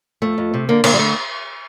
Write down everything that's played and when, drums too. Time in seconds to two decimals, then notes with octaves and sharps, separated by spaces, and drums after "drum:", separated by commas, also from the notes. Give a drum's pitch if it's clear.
0.22 F2 A3
0.38 F2
0.54 C3
0.69 D3 A#3
0.84 D3 A#3, drum: cymbal
0.94 G3
0.99 D3 A3